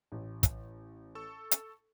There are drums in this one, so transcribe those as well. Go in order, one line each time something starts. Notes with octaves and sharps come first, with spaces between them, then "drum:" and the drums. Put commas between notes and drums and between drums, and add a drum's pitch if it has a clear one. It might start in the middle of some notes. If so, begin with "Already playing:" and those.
A1
drum: kick, hi-hat
A4 C#6 E6
drum: hi-hat